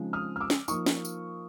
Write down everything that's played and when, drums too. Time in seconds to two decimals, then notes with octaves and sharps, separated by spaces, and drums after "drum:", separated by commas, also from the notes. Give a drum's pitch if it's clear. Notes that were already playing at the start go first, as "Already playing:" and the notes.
Already playing: C#3 F3 G#3 C4 D#4
0.13 D#6 F6
0.36 F6
0.40 D6 E6
0.50 drum: snare
0.68 F3 A#3 D#4 C#6 D#6, drum: tambourine
0.86 drum: snare
1.05 drum: tambourine